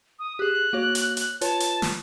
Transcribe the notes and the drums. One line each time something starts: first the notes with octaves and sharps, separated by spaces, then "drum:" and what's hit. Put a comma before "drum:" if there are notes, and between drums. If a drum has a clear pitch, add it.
D#6
G4 G#4 F#6
A#3 F#4 C#5
drum: hi-hat
drum: hi-hat
F4 B4 C#5 A5, drum: hi-hat
drum: hi-hat
drum: snare